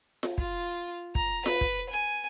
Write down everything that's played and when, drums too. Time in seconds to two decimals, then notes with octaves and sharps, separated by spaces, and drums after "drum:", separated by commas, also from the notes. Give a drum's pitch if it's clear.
0.23 drum: snare F4
0.38 F4, drum: kick
1.15 A#5, drum: kick
1.46 B4, drum: snare F4
1.61 drum: kick
1.90 G#5